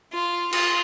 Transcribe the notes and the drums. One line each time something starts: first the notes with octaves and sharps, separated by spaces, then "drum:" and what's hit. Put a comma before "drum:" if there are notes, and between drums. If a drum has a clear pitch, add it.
F4
F4, drum: cymbal